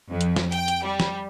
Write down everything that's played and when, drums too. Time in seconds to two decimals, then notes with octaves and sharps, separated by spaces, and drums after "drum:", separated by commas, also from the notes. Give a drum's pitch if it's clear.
0.11 F2
0.21 drum: hi-hat
0.36 drum: snare
0.52 G5, drum: hi-hat
0.68 drum: hi-hat
0.84 G3
1.00 drum: snare